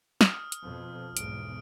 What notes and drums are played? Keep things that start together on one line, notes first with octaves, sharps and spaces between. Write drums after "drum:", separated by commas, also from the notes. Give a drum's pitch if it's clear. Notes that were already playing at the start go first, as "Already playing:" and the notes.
D#6 F6, drum: snare
drum: hi-hat
F2 B2
B1 E2 G#2 D7, drum: hi-hat